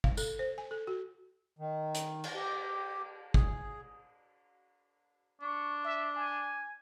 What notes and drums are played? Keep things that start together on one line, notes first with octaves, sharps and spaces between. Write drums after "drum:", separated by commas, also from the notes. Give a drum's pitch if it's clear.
F5, drum: kick
A4, drum: tambourine
C5
G#5
A4
F#4
D#3
drum: hi-hat
drum: cymbal
G4
G#4, drum: kick
D4 C#6
E5
G#5